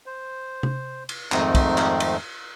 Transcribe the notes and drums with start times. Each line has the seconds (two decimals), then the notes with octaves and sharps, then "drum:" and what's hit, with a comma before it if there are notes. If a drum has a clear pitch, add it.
0.06 C5
0.63 drum: tom C3
1.09 drum: cymbal
1.32 F2 G#2 D#3 A3 C4 D#4, drum: clap
1.55 drum: kick, cymbal
1.77 drum: clap
2.00 drum: cymbal